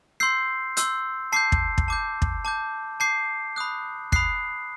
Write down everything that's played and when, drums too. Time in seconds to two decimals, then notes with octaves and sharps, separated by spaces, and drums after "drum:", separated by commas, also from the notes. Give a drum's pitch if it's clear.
0.20 C6 E6 G6 C7
0.77 C6 E6 G6, drum: hi-hat
1.32 A5 D6 G6 C7
1.52 drum: kick
1.78 drum: kick
1.88 A5 D6 G6
2.22 drum: kick
2.45 A5 D6 G6
3.00 A5 D6 G6 C7
3.56 B5 D#6 F#6
4.12 B5 D#6 F#6 C7, drum: kick